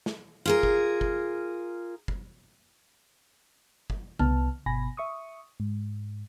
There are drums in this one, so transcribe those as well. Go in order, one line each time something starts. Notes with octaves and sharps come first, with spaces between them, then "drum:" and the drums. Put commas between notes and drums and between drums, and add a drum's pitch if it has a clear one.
drum: snare
F4 G#4 A#4
drum: kick
drum: kick
drum: kick
drum: kick
C2 B3 A5 F6, drum: tom C#3
G1 B2 G#5 B5 A#6
E5 C#6 D#6
G#2